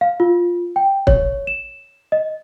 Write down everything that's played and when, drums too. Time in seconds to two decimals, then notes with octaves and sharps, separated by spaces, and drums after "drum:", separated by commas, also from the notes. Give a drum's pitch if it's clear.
0.01 F5
0.20 F4
0.76 G5
1.07 C#5, drum: kick
1.47 E7
2.12 D#5